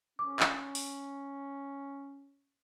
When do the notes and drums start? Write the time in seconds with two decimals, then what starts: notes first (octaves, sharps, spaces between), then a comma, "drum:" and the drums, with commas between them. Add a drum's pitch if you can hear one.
0.19 C#4 D6
0.40 drum: clap
0.75 drum: open hi-hat